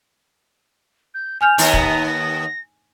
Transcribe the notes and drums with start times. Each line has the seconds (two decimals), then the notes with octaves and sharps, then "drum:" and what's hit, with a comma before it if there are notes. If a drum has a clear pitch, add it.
1.14 G6
1.41 G#5 F6 G6 F7
1.58 D#2 B3 A#5, drum: open hi-hat
1.73 drum: kick
2.06 A#6